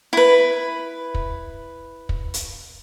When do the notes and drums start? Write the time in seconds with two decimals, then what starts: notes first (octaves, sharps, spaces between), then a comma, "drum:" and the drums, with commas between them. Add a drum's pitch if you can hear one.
0.13 E4 B4
1.14 drum: kick
2.09 drum: kick
2.34 drum: hi-hat